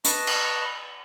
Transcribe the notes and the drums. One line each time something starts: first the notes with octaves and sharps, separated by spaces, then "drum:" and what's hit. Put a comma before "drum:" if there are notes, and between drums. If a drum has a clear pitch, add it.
B4 D#5 A5 C#6, drum: hi-hat
drum: cymbal